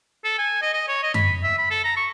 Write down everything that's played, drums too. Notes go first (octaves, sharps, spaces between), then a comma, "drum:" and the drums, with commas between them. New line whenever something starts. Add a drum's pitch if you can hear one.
A4
G#5
D#5
D#5
C#5
D#5
B5, drum: tom F#2
E5
B5
A4
A#5
C#6